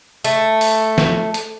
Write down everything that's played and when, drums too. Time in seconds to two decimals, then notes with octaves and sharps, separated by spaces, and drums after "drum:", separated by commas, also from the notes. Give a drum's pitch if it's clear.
0.24 A3, drum: hi-hat
0.61 drum: open hi-hat
0.98 drum: snare
1.34 drum: hi-hat